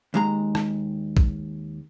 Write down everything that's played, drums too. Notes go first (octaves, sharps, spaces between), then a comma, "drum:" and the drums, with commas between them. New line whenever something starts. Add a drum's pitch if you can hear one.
D#2 G#3 A#5
drum: rim click
drum: kick